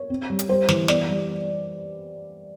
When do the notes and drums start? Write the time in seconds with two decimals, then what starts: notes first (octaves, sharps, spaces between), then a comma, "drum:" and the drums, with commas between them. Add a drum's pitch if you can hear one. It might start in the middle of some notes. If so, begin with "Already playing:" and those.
Already playing: C#5
0.10 C4
0.30 G3
0.39 drum: hi-hat
0.49 G3 C5
0.69 E3, drum: snare
0.88 B3 D5, drum: snare
1.09 G3